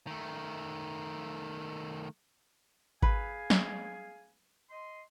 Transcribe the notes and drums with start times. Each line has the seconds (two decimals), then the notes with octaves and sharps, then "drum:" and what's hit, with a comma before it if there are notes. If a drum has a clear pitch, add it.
0.07 D#3 A3
3.02 G#4 B4 F5 G#5, drum: kick G#1
3.50 drum: snare
4.71 D#5 C6